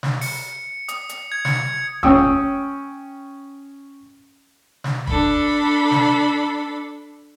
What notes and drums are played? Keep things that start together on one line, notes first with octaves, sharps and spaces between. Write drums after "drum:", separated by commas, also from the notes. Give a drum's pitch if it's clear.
drum: snare
C#7, drum: open hi-hat
D#6, drum: hi-hat
drum: hi-hat
G#6
C#7, drum: snare
C#4 G5 D#6 E6, drum: kick
drum: snare
D4 A4 B5, drum: kick
drum: snare